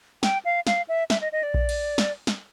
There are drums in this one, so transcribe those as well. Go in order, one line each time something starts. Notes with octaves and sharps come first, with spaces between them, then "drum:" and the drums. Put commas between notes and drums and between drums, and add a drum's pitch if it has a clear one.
G5, drum: snare
F5
F5, drum: snare
E5
E5, drum: snare
D#5
D#5
D5
drum: kick A#1
drum: cymbal
drum: snare
drum: snare